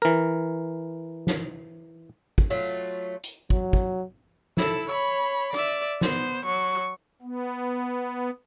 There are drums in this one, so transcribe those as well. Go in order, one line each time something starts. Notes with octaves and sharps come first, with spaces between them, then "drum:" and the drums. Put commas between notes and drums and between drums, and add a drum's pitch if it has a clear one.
E3 A#4
drum: snare
drum: kick
F#3 A3 F4
drum: hi-hat
F#3, drum: kick
drum: kick
E4 A4, drum: snare
C#5 B5
D5 E5, drum: rim click
B3 C5, drum: snare
F#3 C#6
B3